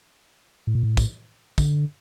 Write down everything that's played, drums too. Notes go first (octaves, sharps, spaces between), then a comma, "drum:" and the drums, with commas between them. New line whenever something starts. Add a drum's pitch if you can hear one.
A2
A#2
A2
drum: kick, tambourine
D3, drum: kick, tambourine